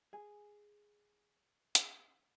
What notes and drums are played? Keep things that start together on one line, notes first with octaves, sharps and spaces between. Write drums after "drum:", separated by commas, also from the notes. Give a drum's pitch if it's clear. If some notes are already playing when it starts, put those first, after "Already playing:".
G#4 G#5
drum: hi-hat